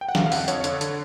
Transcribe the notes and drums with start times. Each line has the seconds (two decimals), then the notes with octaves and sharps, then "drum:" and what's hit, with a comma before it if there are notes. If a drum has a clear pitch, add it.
0.01 G5
0.09 F#5
0.15 D3 F5, drum: snare
0.26 F5
0.32 F2 F#5, drum: open hi-hat
0.48 F2 C#5, drum: hi-hat
0.64 D3, drum: hi-hat
0.81 D3, drum: hi-hat